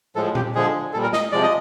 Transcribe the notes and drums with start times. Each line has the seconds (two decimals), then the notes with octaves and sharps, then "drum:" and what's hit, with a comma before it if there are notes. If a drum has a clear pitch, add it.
0.16 A2 F3 G#3 A4
0.35 G4, drum: tom A#2
0.54 D3 F3 G#3 G#4
0.93 A#2 G3 A4
1.03 A#4
1.13 D#5, drum: snare
1.32 C3 F3 G#3 D5
1.43 D#5